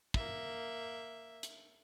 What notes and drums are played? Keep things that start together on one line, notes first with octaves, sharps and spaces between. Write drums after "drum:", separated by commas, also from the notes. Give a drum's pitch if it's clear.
A#3 E5, drum: kick
drum: hi-hat